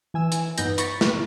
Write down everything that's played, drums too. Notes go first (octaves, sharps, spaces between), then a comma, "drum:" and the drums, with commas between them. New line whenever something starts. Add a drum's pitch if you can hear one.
E3 G#5 E6
drum: hi-hat
G2 B3 D#4 G6 A#6, drum: hi-hat
B5 C#6 A6 A#6, drum: hi-hat
drum: snare